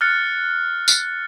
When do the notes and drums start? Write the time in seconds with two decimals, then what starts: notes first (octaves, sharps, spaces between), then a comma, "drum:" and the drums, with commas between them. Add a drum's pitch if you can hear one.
0.01 F6 F#6 A6 C#7
0.88 drum: tambourine